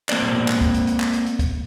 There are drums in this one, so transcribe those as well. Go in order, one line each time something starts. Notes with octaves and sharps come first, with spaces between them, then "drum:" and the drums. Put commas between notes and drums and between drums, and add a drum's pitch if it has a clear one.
A#3 C4 D5, drum: clap
drum: tom
drum: tom
drum: clap
drum: kick, hi-hat
drum: hi-hat
drum: hi-hat
drum: clap
drum: hi-hat
drum: hi-hat
drum: kick, hi-hat